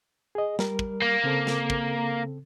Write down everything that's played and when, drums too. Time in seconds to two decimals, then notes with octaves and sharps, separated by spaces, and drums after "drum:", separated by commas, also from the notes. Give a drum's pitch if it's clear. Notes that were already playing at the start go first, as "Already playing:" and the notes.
0.35 G#4 D#5
0.59 G3 A#4, drum: snare
0.79 drum: kick
1.02 A#3
1.24 C#3 C4 A4
1.47 drum: snare
1.70 drum: kick